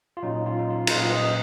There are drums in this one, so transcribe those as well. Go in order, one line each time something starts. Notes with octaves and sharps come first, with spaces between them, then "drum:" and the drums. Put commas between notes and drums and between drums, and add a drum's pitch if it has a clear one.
F4
A#2 F#3 C#4 D#4
F4
D#4
F4
D#4, drum: cymbal
A#2 F#3 C#4 F4
D#5